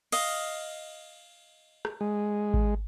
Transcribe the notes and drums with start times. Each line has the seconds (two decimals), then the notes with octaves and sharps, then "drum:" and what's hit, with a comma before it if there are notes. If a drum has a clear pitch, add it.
0.12 D#5 F5, drum: cymbal
1.85 drum: rim click
2.01 G#3
2.54 drum: kick G#1